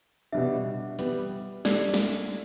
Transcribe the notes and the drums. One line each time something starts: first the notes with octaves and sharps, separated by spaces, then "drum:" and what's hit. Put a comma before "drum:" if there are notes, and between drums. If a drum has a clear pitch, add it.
B2 G3 D4 E5
G3 B3 G4, drum: hi-hat
G3 D4 A4 D5, drum: snare
drum: snare